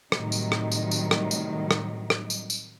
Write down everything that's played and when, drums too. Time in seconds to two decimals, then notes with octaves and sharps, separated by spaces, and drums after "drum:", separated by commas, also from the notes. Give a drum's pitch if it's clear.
0.12 A2 C3 D#3 F#3 G3 D#4, drum: rim click
0.32 drum: tambourine
0.52 drum: rim click
0.72 drum: tambourine
0.91 drum: tambourine
1.11 drum: rim click
1.31 drum: tambourine
1.71 drum: rim click
2.10 drum: rim click
2.30 drum: tambourine
2.50 drum: tambourine